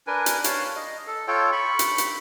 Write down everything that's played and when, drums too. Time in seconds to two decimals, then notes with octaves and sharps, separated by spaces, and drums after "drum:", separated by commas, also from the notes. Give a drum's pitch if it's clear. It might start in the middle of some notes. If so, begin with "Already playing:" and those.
0.07 D4 A#4 B4 G#5
0.26 drum: hi-hat
0.44 C#5 F5 A5, drum: hi-hat
0.76 D#5
1.07 A4
1.28 F4 A4 C#5 G5
1.53 B5 C#6
1.79 drum: hi-hat
1.98 drum: hi-hat